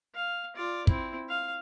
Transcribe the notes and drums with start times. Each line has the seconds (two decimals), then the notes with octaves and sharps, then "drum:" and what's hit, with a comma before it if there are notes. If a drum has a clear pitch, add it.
0.15 F5
0.56 F4 D5
0.87 C4 E4, drum: kick
1.29 F5